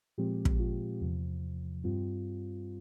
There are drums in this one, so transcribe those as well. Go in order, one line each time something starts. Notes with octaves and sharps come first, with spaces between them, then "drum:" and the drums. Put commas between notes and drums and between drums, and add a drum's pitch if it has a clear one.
A#2 F3 G#3 C4 G4
drum: kick
F4
E2 C3 F3
G2 G3 C4 F4